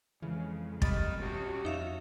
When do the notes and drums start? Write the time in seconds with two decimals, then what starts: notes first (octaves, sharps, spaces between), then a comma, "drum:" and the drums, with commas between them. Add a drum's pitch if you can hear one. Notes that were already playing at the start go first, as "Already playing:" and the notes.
0.22 F2 C#3 E3 G#3
0.82 D#3 G3 D#5 B5 D#6 A6, drum: kick
1.18 A#2 C#4 F#4 G4
1.65 F2 D#4 E5 F5